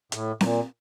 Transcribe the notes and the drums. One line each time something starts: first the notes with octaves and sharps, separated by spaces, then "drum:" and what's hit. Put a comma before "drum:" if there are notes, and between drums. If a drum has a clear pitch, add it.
A2, drum: hi-hat
A#2, drum: snare C4